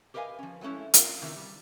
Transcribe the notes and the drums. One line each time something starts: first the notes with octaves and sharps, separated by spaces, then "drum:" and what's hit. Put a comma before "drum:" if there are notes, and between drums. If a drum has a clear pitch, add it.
G4 A#4 B4 D#5 F5 G#5
F3 C#4
F#3 G#3 A3 C#4 E4
C4 F4 A#4, drum: hi-hat
E2 C3 D#3 E3
G3